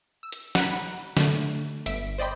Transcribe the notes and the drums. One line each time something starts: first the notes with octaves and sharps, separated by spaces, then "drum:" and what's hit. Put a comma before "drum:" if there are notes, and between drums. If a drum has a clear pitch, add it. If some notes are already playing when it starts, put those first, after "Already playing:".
E6
drum: hi-hat
F#5 A#5 B5 F#6, drum: snare
D3 A3, drum: snare
G1 E5 B6 D7, drum: hi-hat
C5 D5 D#5 G5 B5